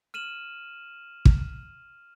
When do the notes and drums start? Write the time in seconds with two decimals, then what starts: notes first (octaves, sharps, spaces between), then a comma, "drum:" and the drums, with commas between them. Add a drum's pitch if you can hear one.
0.14 F6 D#7 E7 F#7
1.25 drum: kick